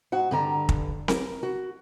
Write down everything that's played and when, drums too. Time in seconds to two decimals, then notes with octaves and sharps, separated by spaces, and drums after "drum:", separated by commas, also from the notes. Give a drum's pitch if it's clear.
0.12 G#2 F#4 F#5
0.31 G2 D3 A#5
0.69 drum: kick
1.08 A#4, drum: snare C4
1.43 F#4